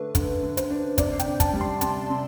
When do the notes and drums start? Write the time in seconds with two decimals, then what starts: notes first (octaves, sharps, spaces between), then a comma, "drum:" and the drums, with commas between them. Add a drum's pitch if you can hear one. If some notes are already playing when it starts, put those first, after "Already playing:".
Already playing: D3 A3 D4 B4
0.15 D3, drum: kick, hi-hat
0.43 D3
0.57 C5, drum: hi-hat
0.70 D4
0.98 C3 D5, drum: kick, hi-hat
1.19 G5, drum: hi-hat
1.26 D4
1.40 A5, drum: kick, hi-hat
1.53 G3
1.61 C6
1.81 C3 A5, drum: hi-hat
2.10 C3